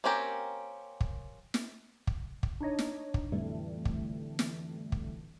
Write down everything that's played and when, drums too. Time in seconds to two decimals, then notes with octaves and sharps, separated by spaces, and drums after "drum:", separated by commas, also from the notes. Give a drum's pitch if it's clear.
0.04 A#3 C4 C#4 G4 A#4
1.01 drum: kick
1.54 drum: snare
2.07 drum: kick
2.43 drum: kick
2.61 D4 D#4 C#5 D#5
2.79 drum: snare
3.14 drum: kick
3.32 F2 A2 D3 E3 G3 A3
3.85 drum: kick
4.39 drum: snare
4.92 drum: kick